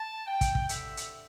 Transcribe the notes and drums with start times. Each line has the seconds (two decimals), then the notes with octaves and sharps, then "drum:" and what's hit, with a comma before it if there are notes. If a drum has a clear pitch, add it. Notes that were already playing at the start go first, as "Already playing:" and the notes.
Already playing: A5
0.27 G5
0.41 drum: kick, hi-hat
0.55 drum: kick
0.69 D3 G3 C4 E5, drum: hi-hat
0.97 drum: hi-hat